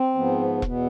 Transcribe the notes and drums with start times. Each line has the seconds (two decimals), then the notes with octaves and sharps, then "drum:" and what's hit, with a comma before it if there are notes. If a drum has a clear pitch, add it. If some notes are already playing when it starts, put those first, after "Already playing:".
Already playing: C4
0.15 G#2 F3 B3
0.62 E2 B2 B3, drum: kick E1